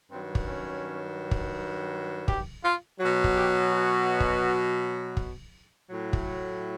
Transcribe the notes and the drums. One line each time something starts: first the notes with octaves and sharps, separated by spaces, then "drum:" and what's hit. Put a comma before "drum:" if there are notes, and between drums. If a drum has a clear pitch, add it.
G2 D#3 F#3 C4
drum: kick
C#4
drum: kick
G4, drum: kick
F4
B2 F#3 F#4
drum: kick
G4
F#4
drum: kick
drum: kick
A2 F#3
drum: kick